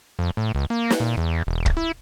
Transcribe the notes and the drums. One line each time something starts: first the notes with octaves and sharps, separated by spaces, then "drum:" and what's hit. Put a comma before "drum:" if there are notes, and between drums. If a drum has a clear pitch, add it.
F2
A2
C#2
A#3
drum: snare
A#2
E2
E1
drum: kick
E4